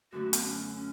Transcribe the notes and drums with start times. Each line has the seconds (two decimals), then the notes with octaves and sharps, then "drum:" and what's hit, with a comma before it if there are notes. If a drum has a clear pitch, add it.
0.12 F#2 D3 A3 E4 F#4
0.33 B3, drum: hi-hat
0.44 C#4
0.75 C#4